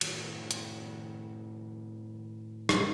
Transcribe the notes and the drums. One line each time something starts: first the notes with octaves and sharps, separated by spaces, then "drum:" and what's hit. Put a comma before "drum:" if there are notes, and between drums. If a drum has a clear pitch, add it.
A2 D#3 F#4 C#5, drum: cymbal
drum: hi-hat
drum: rim click